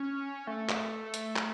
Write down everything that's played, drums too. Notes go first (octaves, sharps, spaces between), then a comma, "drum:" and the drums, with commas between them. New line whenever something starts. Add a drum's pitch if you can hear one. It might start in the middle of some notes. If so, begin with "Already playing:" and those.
Already playing: C#4
A3
drum: clap
drum: hi-hat
drum: clap